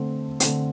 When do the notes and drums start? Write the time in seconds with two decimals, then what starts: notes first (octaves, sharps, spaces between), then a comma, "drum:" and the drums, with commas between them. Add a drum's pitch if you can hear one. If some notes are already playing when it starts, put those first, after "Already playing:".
Already playing: D3 A3 C4
0.40 D3 A3 C4, drum: hi-hat